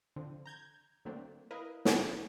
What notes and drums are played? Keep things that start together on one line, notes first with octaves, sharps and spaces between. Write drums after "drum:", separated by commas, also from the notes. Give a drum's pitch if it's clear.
D3 F3 C4
A#5 G6 G#6
D3 F#3 A3 A#3 C4 D4
E4 A#4 B4 D#5 F5
F2 C3 B3 D4 B5, drum: snare